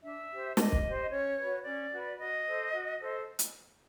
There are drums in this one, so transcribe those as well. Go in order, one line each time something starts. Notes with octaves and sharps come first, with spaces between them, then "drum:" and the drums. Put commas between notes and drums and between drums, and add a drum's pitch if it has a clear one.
D4 E5
G4 C5
D4 D#5, drum: snare
drum: kick
G4 C5
C#4 C#5
B4
F#4
C#4 D5
F#4 B4
F#4 D#5
A4 C5
F#4
A4 C5
drum: hi-hat